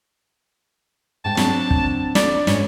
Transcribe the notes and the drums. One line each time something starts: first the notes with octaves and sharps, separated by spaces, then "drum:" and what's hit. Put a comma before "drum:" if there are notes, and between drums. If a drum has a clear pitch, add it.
G#2 G5 A5
F#3 C4 D4, drum: snare
drum: kick
D5, drum: snare
G#2 C#4, drum: snare